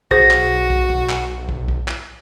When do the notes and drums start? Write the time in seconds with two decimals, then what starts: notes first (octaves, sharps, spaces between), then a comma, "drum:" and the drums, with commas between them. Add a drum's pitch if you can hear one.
0.11 B1 F#4 G#4 C5 A#6, drum: kick
0.31 drum: clap
0.70 drum: kick
0.90 drum: kick
1.09 drum: clap
1.49 drum: kick
1.68 drum: kick
1.88 drum: clap